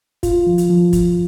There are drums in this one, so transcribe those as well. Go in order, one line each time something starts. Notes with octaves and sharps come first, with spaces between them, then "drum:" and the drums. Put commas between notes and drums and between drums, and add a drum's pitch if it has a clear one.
F4, drum: kick, hi-hat
F3
drum: hi-hat
F3
F3, drum: kick, hi-hat